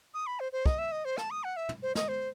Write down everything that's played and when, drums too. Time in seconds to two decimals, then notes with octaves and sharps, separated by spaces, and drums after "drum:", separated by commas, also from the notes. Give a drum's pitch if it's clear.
0.14 D#6
0.27 B5
0.40 C5
0.52 C5
0.66 D#5, drum: kick
0.78 E5
0.92 D#5
1.05 C5
1.18 A5, drum: rim click
1.31 D#6
1.44 F#5
1.57 E5
1.69 drum: tom
1.82 C5
1.95 D#5, drum: snare
2.08 C5